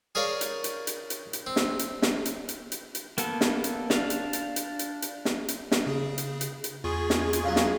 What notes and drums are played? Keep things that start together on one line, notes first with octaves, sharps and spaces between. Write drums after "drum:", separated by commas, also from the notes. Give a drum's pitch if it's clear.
G#4 A#4 C#5 D5 F5
drum: hi-hat
drum: hi-hat
drum: hi-hat
drum: hi-hat
drum: hi-hat
C4
drum: snare
drum: hi-hat
drum: snare
drum: hi-hat
drum: hi-hat
drum: hi-hat
drum: hi-hat
A#3 B3 A4, drum: hi-hat
drum: snare
drum: hi-hat
D4 F5, drum: snare
drum: hi-hat
drum: hi-hat
drum: hi-hat
drum: hi-hat
drum: hi-hat
drum: snare
drum: hi-hat
drum: snare
C#3 G#4
drum: hi-hat
drum: hi-hat
drum: hi-hat
E2 F4 G#4 C#6
drum: snare
drum: hi-hat
C#3 F#3
drum: snare